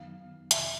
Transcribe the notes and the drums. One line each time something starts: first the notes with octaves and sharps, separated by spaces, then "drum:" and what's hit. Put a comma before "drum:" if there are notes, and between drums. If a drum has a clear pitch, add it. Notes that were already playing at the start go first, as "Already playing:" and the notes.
Already playing: F#2 D#3 F#3 B3 D#4 F5
F2 C3 D#3 E5, drum: hi-hat